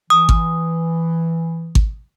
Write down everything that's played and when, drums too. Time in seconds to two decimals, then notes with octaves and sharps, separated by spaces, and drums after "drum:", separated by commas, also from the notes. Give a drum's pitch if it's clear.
0.10 E3 D#6
0.29 drum: kick G#1
1.75 drum: kick G#1